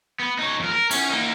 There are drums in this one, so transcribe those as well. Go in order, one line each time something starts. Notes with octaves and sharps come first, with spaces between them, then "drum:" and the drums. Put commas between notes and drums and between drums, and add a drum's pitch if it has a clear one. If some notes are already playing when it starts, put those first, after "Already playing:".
B3
D#4 C#5
F2 A#4
A#4
C#4, drum: cymbal
A#3 D#4